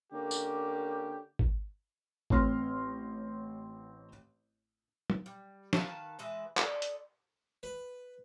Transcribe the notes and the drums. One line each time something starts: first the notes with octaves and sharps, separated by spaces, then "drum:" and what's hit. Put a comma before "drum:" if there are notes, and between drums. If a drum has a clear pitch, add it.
D3 A#3 C#4 G4
drum: tambourine
drum: kick G#1
A1 C4 C#5 C6 F6 A#6, drum: kick G#1
drum: tom
G3
D#3 B4 F5 A5, drum: snare
E3 G#3 B4 E5
A4 D5 D#5, drum: clap
drum: hi-hat
B4